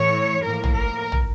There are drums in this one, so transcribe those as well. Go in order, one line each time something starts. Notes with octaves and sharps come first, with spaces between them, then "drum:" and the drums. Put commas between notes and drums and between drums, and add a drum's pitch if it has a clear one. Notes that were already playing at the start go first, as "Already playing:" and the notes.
Already playing: A2 E3 A3 C#5
A2 F3 A#3 A#4
drum: tom
A#4
drum: tom